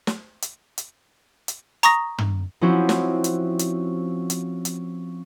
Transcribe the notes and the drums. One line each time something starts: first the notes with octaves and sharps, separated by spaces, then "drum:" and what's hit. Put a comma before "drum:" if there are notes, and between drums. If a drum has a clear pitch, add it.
drum: snare
drum: hi-hat
drum: hi-hat
drum: hi-hat
A#5 C#6 D#6 A#6, drum: hi-hat
drum: tom
F3 C4 C#4 E4 F#4 C5
drum: snare
drum: hi-hat
drum: hi-hat
drum: hi-hat
drum: hi-hat